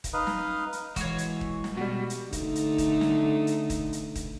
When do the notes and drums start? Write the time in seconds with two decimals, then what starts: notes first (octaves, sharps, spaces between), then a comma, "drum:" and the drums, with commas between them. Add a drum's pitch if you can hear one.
0.04 drum: kick D#1, hi-hat
0.13 D#4 B4 D#5 F5
0.27 drum: snare
0.73 drum: hi-hat
0.96 E3 G#3 F#4 C#5 F5, drum: kick D#1, hi-hat
1.18 drum: hi-hat
1.41 drum: kick D#1
1.64 drum: snare
1.77 B2 G3 F#4
2.10 drum: hi-hat
2.33 D3 A3 D#4, drum: kick D#1, hi-hat
2.55 drum: hi-hat
2.78 drum: kick D#1, hi-hat
3.01 drum: snare
3.47 drum: hi-hat
3.70 drum: kick D#1, hi-hat
3.93 drum: hi-hat
4.15 drum: kick D#1, hi-hat